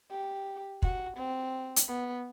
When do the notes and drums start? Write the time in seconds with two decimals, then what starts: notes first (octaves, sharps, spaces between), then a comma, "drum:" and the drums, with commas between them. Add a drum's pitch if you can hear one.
0.11 G4
0.82 F#4, drum: kick
1.17 C4
1.76 drum: hi-hat
1.88 B3